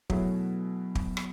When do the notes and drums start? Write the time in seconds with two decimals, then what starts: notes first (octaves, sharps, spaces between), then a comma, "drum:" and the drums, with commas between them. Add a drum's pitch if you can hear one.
0.10 B2 F#3 A3 E4 G#4, drum: kick
0.95 drum: kick
1.17 drum: rim click